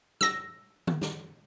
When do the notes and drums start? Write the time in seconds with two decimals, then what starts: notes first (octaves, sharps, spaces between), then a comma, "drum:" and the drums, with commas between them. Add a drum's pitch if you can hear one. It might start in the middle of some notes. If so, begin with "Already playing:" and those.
0.21 E6 A#6, drum: snare
0.87 drum: tom D#3
1.01 drum: snare